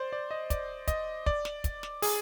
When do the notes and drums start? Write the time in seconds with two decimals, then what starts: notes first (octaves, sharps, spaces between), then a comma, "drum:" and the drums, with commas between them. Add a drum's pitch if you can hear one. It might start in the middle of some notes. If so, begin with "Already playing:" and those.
Already playing: C5 D5
0.13 D5
0.31 D#5
0.50 D5, drum: kick, hi-hat
0.88 D#5, drum: kick, hi-hat
1.26 D5, drum: kick
1.45 drum: snare
1.64 drum: kick, hi-hat
1.83 drum: snare
2.02 G#4, drum: open hi-hat